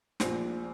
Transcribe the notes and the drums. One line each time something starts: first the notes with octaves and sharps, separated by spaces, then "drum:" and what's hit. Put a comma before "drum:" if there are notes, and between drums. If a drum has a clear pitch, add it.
A#1 A#2 C4 C5, drum: snare